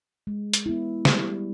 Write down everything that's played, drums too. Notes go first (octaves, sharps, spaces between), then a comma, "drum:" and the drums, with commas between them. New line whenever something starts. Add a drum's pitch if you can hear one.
G#3
drum: hi-hat
B3 E4
G3, drum: snare